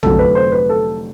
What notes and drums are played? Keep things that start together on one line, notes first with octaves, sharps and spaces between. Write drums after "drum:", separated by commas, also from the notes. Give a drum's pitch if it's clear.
F1 F2 D3 F#3 A4, drum: tom A#1
B4
C5
B4
A4